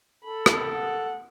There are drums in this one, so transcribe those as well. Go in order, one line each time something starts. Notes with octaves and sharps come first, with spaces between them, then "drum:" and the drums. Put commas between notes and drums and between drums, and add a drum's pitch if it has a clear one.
A4 B5
drum: rim click
F#5